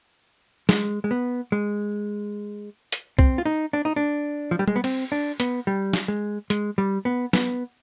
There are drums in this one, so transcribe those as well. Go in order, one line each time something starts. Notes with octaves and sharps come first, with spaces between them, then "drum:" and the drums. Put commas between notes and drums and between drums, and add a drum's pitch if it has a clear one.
G#3, drum: snare
G#3
B3
G#3
drum: hi-hat
C4, drum: kick C2
F4
D#4
D4
D#4
D4
F3
G3
G#3, drum: tom G3
B3
C4, drum: cymbal
D4
B3, drum: hi-hat
G3
drum: snare
G#3
G#3, drum: hi-hat
G3
B3
B3, drum: snare